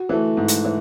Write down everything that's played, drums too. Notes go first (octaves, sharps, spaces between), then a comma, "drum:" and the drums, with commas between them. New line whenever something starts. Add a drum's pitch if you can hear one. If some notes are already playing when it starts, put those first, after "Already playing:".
Already playing: F#4
E3 A3
G#2
drum: hi-hat
E3